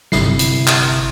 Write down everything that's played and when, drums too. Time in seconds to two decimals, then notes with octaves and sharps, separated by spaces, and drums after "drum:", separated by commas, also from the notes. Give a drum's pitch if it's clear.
0.12 G1 C3 E4 C7, drum: snare
0.39 drum: hi-hat
0.67 drum: clap